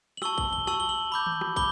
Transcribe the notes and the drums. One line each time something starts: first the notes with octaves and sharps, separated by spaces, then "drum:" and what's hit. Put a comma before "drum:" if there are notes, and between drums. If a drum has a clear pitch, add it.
F#7
A5 C#6 E6 G7, drum: rim click
G7, drum: kick
G7
A5 C#6 E6 F#7, drum: rim click
G7
F#7
B5 D6 G6
drum: tom D#3
drum: rim click
B5 D6 G6 G7, drum: kick